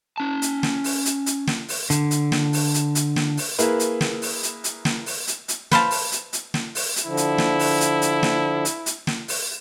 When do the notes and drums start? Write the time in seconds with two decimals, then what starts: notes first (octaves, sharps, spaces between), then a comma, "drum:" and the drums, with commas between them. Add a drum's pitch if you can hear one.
0.18 C#4 A5
0.42 drum: hi-hat
0.63 drum: snare
0.84 drum: open hi-hat
1.05 drum: hi-hat
1.26 drum: hi-hat
1.47 drum: snare
1.68 drum: open hi-hat
1.90 D3, drum: hi-hat
2.11 drum: hi-hat
2.32 drum: snare
2.53 drum: open hi-hat
2.74 drum: hi-hat
2.95 drum: hi-hat
3.16 drum: snare
3.37 drum: open hi-hat
3.58 A#3 E4 G#4 B4, drum: hi-hat
3.80 drum: hi-hat
4.01 drum: snare
4.22 drum: open hi-hat
4.43 drum: hi-hat
4.64 drum: hi-hat
4.85 drum: snare
5.06 drum: open hi-hat
5.27 drum: hi-hat
5.48 drum: hi-hat
5.71 B4 C5 F5 A5, drum: snare
5.91 drum: open hi-hat
6.12 drum: hi-hat
6.33 drum: hi-hat
6.54 drum: snare
6.75 drum: open hi-hat
6.96 drum: hi-hat
7.05 D3 F3 E4
7.17 drum: hi-hat
7.38 drum: snare
7.59 drum: open hi-hat
7.80 drum: hi-hat
8.02 drum: hi-hat
8.23 drum: snare
8.65 drum: hi-hat
8.86 drum: hi-hat
9.07 drum: snare
9.28 drum: open hi-hat